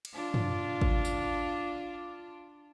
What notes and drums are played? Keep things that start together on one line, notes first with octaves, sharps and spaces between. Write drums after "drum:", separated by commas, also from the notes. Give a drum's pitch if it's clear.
drum: cymbal
D4 F4
drum: tom
drum: kick G#1
drum: tambourine